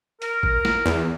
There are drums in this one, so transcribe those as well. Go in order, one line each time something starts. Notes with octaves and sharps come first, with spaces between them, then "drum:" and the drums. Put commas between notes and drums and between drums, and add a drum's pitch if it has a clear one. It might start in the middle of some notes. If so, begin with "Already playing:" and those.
A#4, drum: hi-hat
drum: kick A1
drum: snare
E2